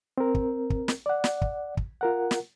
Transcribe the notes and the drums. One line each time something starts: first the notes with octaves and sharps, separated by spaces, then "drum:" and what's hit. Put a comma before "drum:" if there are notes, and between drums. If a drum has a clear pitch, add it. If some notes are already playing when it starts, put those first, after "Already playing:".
C4 A#4
drum: kick
drum: kick
drum: snare
D5 F#5
drum: snare
drum: kick
drum: kick
F4 A#4 F#5
drum: snare